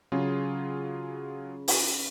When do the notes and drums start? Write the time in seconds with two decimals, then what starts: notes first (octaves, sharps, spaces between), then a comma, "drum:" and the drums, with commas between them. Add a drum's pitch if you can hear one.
0.12 C#3 F#3 F4 G#4
1.68 drum: open hi-hat